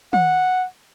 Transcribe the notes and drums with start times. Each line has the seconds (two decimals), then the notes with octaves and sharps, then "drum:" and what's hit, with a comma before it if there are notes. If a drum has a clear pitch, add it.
0.13 F#5, drum: tom